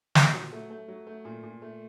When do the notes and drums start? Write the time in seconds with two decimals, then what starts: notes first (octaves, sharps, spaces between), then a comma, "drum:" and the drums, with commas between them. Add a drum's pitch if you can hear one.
0.15 A#2, drum: snare
0.34 F#3
0.52 A3
0.70 A3
0.88 F#3
1.07 A3
1.25 A#2
1.43 A#2
1.62 A3